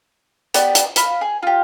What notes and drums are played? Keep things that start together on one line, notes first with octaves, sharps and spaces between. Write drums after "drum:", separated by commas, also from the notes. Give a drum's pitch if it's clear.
B3 G4 D5, drum: hi-hat
drum: hi-hat
F5 B5, drum: hi-hat
G#4
F4 G4